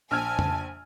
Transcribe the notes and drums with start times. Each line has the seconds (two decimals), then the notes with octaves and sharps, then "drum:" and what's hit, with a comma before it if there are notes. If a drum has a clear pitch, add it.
0.11 A#1 G#5 A5 E6 F6 G#6
0.39 drum: tom F2